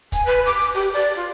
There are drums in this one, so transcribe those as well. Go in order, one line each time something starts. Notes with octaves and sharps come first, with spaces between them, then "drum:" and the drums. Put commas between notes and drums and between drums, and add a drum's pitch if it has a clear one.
G#5, drum: kick, hi-hat
B4
D6, drum: hi-hat
drum: hi-hat
G4, drum: open hi-hat
D5, drum: open hi-hat
F4